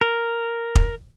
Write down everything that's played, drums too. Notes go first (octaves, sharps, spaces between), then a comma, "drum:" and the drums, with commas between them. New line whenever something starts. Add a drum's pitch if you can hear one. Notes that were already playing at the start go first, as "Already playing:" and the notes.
A#4
drum: kick